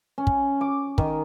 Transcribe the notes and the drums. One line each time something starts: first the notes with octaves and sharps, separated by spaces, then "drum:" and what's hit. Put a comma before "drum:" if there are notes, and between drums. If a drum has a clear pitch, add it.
C#4
drum: kick
D6
D#3, drum: kick